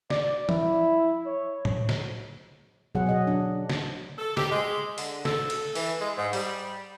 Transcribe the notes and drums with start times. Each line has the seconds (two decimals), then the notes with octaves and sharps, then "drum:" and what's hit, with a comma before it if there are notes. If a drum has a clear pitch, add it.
0.10 D5, drum: snare
0.49 E4, drum: tom
1.26 C#5
1.65 drum: tom A2
1.89 drum: snare
2.95 B2 F#3 G#4 F#5
3.06 F#3 D#5
3.27 D4
3.69 drum: snare
4.18 A4
4.37 G4, drum: snare
4.51 G#3
4.98 D3, drum: open hi-hat
5.25 A4, drum: snare
5.50 drum: cymbal
5.75 E3, drum: open hi-hat
6.00 G#3
6.18 G#2
6.33 G3, drum: open hi-hat